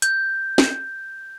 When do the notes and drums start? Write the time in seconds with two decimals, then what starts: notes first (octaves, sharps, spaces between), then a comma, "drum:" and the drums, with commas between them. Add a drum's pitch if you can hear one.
0.02 G6, drum: hi-hat
0.58 drum: snare